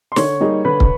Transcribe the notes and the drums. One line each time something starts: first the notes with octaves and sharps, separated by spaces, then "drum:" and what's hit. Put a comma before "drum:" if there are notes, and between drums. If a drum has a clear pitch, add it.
C6
D3 C#5 C#6, drum: snare
G3 A#3 D#4 G#4
D3 B4 B5
drum: kick